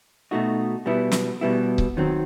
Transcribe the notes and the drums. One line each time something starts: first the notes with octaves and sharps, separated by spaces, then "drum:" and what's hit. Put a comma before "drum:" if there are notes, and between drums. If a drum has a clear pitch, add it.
B2 A3 D#4 F#4
B2 G3 B3 E4
drum: snare
B2 G3 B3 E4
drum: kick C#1
D#3 F#3 C4